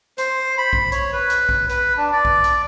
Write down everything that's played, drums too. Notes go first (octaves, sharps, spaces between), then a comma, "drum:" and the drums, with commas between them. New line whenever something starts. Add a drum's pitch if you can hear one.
C5, drum: hi-hat
B5
drum: kick A#1
C#5, drum: hi-hat
B4
drum: hi-hat
drum: kick A#1
B4, drum: hi-hat
D4
D5
drum: kick A#1
drum: hi-hat